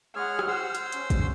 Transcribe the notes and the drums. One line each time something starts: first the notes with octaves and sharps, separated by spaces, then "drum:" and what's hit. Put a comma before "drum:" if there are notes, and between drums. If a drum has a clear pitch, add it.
G#3 G#4 C#5 F#5 F6
drum: rim click
C5 C6 E6
drum: hi-hat
C#4, drum: hi-hat
drum: kick, hi-hat